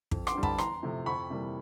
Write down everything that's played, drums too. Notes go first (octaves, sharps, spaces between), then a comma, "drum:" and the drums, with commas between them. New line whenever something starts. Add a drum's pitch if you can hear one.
F2, drum: kick
C6 D6, drum: rim click
D3 G3
A5 B5, drum: kick
E2 A#5 C6, drum: rim click
C3 F3 A3
F2 B5 C#6
C3 E3 G3 A#3